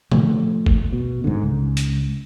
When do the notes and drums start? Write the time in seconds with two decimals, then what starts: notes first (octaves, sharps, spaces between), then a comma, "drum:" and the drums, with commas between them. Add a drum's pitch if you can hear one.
0.12 D3 F3 A3, drum: tom
0.66 drum: kick
0.92 B2
1.24 G#2 D3
1.43 C#2
1.77 drum: hi-hat